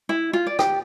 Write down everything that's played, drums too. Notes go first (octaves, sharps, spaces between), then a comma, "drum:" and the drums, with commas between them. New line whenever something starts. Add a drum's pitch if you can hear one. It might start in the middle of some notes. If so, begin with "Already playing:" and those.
E4
F4
D5
G4, drum: rim click